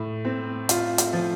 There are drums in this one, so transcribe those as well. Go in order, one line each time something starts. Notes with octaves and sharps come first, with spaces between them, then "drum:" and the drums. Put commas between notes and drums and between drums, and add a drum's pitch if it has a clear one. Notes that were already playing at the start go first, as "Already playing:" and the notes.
Already playing: A2
C4
F4, drum: hi-hat
drum: hi-hat
F3